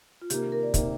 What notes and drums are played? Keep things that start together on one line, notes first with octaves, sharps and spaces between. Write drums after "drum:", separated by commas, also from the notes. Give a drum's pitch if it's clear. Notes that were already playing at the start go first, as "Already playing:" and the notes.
F4
C3 D#3 A#3 G4, drum: hi-hat
A#4
D5
C3 D#3 A#3 C5, drum: kick, hi-hat